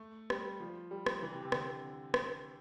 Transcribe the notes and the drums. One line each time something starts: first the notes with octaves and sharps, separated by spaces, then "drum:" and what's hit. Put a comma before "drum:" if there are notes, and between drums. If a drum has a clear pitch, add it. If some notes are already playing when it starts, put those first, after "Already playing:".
Already playing: A3
G3, drum: rim click
F3
G3
drum: rim click
E3
C3
C3
D3, drum: rim click
drum: rim click